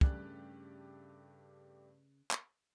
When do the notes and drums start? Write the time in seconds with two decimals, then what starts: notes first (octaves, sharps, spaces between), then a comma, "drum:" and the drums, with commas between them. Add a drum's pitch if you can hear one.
0.01 G2 C#3 A3 G4 D5 F#6, drum: kick
2.31 drum: clap